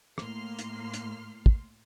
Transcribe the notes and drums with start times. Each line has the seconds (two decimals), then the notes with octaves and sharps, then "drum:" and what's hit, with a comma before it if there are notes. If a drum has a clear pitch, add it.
0.18 A2 A#3 C6 F6 C7, drum: rim click
0.59 drum: hi-hat
0.94 drum: hi-hat
1.46 drum: kick